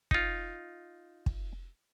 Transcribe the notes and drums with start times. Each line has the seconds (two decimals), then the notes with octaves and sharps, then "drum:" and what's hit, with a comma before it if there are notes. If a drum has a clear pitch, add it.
0.11 D#4 F4, drum: kick
1.26 drum: kick